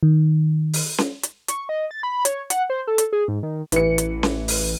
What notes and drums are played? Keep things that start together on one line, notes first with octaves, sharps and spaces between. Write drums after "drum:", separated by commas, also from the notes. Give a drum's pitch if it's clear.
D#3
drum: open hi-hat
drum: snare C#4
drum: hi-hat
C#6, drum: hi-hat
D#5
A6
B5
C#5, drum: hi-hat
F#5, drum: hi-hat
C5
A4
drum: hi-hat
G#4
G#2
D#3
A1 E3 B4 C#7, drum: hi-hat
drum: hi-hat
drum: snare C#4
drum: open hi-hat